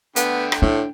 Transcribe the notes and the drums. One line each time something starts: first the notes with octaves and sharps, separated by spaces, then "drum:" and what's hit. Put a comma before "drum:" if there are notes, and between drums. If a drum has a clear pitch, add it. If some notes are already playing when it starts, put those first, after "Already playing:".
D3 A3 B3 G5, drum: hi-hat
drum: rim click
A2 D4